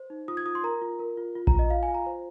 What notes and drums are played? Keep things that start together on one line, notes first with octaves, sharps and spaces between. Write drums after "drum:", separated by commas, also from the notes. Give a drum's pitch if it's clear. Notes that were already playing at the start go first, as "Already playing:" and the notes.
Already playing: C5
D#4
F4 D#6
G#6
F4 D#6
C6
A#4 A#5
F4
A#4
F4
F4
A#5, drum: kick A#1
F4
D#5
F4 F5
G#5
F4
A#5
C5